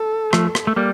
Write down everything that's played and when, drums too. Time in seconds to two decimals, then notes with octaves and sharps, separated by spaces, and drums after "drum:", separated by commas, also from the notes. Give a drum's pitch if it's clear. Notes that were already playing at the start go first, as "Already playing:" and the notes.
Already playing: A4
0.33 F3 A3, drum: rim click
0.55 drum: rim click
0.67 A3
0.76 G3 A#3